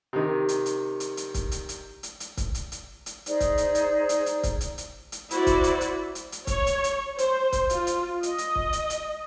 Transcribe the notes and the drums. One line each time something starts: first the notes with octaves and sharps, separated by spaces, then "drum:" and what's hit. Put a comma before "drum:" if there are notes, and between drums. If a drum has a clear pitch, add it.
C3 D#3
drum: hi-hat
drum: hi-hat
drum: hi-hat
drum: hi-hat
drum: kick C#1, hi-hat
drum: hi-hat
drum: hi-hat
drum: hi-hat
drum: hi-hat
drum: kick C#1, hi-hat
drum: hi-hat
drum: hi-hat
drum: hi-hat
D#4 G#4 C5 D5, drum: hi-hat
drum: kick C#1, hi-hat
drum: hi-hat
drum: hi-hat
drum: hi-hat
drum: hi-hat
drum: kick C#1, hi-hat
drum: hi-hat
drum: hi-hat
drum: hi-hat
E4 F#4 C5 D5, drum: hi-hat
drum: kick C#1, hi-hat
drum: hi-hat
drum: hi-hat
drum: hi-hat
drum: hi-hat
C#5, drum: kick C#1, hi-hat
drum: hi-hat
drum: hi-hat
C5, drum: hi-hat
drum: kick C#1, hi-hat
F4, drum: hi-hat
drum: hi-hat
D#5, drum: hi-hat
drum: hi-hat
drum: kick C#1
drum: hi-hat
drum: hi-hat